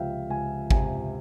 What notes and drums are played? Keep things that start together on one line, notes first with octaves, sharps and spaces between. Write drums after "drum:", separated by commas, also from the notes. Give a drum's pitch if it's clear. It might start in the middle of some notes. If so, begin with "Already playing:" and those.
Already playing: C#2 C3 F3 E5 F5 G5
C#2 G#5
C3 G#5, drum: kick G#1